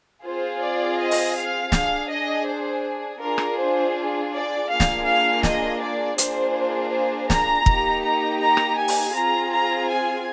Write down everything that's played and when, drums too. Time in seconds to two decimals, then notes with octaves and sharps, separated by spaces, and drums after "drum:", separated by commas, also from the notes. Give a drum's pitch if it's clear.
0.24 C4 F4 G#4 C5
0.61 D5
0.98 D#5
1.11 drum: open hi-hat
1.36 F5
1.72 D4 G#4 F5, drum: snare
2.10 D#5
2.46 C5
3.21 D4 F4 G#4 A#4
3.38 drum: rim click
3.58 C5
4.32 D5
4.69 A#3 D4 F4 G#4 F5
4.80 drum: snare
5.07 F5
5.43 D#5, drum: snare
5.81 D5
6.18 A#3 D4 F4 G#4 C5, drum: hi-hat
6.92 C5
7.30 A#5, drum: snare
7.66 A#3 D#4 G4, drum: kick
8.04 A#5
8.41 A#5
8.57 drum: rim click
8.78 G#5
8.88 drum: open hi-hat
9.15 C4 F4 G#4 A#5
9.52 A#5
9.89 G#5